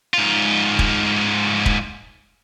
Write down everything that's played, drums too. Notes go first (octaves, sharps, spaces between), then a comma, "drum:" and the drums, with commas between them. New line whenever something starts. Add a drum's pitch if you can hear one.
G#2 F4
drum: kick
drum: kick